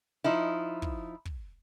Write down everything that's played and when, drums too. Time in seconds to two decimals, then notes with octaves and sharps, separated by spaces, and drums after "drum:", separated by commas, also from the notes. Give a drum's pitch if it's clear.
0.24 F3 D#4 E4
0.82 drum: kick
1.25 drum: kick